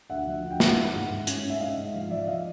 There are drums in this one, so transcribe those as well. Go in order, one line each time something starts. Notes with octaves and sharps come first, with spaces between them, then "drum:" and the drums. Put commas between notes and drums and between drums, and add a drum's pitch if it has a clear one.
D2 E5 F#5
F3
D2
G5
D#3 E5 F#5, drum: snare
G#3
G#2
G#2
C#4, drum: hi-hat
C#4
E5
G#2 D#5 F5
G#2
F3
F5
F3 D5 E5
F3 D#5 F5